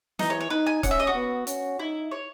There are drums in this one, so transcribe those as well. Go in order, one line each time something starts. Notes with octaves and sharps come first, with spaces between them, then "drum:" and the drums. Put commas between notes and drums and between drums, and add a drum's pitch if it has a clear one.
E3 D#4, drum: snare
C#5
C#5
D#4 B4
G#5
C#4 F#5, drum: kick C#1, hi-hat
E5
D#5
F#4
B3
C#4, drum: hi-hat
D#4 E4
C#5